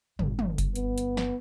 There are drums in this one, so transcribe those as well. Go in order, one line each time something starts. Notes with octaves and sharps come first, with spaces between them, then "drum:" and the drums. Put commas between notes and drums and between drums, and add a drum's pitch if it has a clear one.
G1 G2, drum: tom
drum: tom
drum: kick F#1, hi-hat
B3, drum: hi-hat
drum: hi-hat
drum: snare